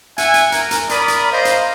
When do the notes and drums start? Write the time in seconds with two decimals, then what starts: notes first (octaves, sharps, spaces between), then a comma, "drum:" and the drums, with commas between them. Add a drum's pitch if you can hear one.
0.18 E5 F#5 G#5, drum: hi-hat
0.34 drum: hi-hat
0.52 A#4, drum: hi-hat
0.71 drum: hi-hat
0.89 A#4 D5 B5 D#6, drum: hi-hat
1.08 drum: hi-hat
1.32 C5 D#5 F5 A#5
1.45 drum: hi-hat